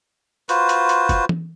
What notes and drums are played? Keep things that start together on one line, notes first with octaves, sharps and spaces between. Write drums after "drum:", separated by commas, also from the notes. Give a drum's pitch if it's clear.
F4 F#4 B4 C5, drum: hi-hat
drum: hi-hat
drum: hi-hat
drum: kick, hi-hat
drum: tom E3